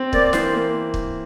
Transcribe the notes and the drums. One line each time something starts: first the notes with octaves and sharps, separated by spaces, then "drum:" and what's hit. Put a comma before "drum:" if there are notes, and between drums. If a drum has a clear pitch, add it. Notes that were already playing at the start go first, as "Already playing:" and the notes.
Already playing: C4
A#3 C5 D5, drum: kick
E3 A#4 C5, drum: snare
A#3
drum: kick